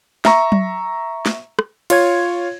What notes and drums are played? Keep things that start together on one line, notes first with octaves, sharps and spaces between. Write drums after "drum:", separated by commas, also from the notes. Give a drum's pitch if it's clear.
E5 A#5 C#6, drum: snare
drum: tom F#3
drum: snare
drum: rim click
F4 C#5 G#6, drum: cymbal